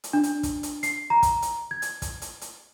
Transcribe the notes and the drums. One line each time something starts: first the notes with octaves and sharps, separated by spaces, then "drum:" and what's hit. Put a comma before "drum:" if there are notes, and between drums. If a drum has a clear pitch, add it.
drum: hi-hat
D4
drum: hi-hat
drum: kick, hi-hat
drum: hi-hat
C7, drum: hi-hat
A#5
drum: kick, hi-hat
drum: hi-hat
G#6
drum: hi-hat
drum: kick, hi-hat
drum: hi-hat
drum: hi-hat